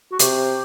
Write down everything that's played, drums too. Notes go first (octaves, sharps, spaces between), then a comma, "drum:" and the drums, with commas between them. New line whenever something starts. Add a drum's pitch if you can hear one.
F#4
C3 G4, drum: hi-hat